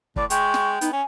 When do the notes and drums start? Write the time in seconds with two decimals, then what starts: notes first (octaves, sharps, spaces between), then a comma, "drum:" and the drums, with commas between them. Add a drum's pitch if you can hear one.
0.16 A2 D5, drum: kick
0.30 G#3 G5 C#6, drum: hi-hat
0.54 drum: snare
0.81 B3 D#4, drum: hi-hat
0.93 C#4 G#5